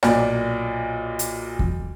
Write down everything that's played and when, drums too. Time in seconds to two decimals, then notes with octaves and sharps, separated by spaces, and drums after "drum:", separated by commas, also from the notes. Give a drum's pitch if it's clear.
0.03 B1 A#2 D5, drum: rim click
1.19 drum: hi-hat
1.59 drum: kick E2